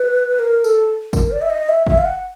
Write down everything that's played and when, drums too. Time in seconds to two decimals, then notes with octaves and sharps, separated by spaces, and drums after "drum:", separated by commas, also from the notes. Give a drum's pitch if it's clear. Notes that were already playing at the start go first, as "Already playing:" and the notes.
Already playing: B4
0.39 A#4
0.64 A4, drum: tambourine
1.13 A#4, drum: kick, tambourine
1.31 D5
1.42 E5
1.50 D#5
1.69 E5
1.87 E5, drum: kick
1.98 F5
2.05 F#5